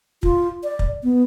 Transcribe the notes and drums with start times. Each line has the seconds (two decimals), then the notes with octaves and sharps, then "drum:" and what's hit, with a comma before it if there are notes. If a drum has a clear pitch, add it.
0.23 F4, drum: kick
0.64 D5
0.79 drum: kick
1.03 B3